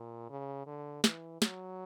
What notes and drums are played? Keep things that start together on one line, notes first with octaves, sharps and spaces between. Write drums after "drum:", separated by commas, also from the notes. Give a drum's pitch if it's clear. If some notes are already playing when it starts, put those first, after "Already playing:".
Already playing: A#2
C#3
D3
E3, drum: snare
F#3, drum: snare